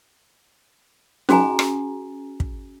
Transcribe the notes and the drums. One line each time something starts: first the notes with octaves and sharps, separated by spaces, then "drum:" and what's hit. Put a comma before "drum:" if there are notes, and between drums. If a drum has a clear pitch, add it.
C#4 F#4 G#4 G#5 A#5, drum: snare D#4
drum: rim click
drum: kick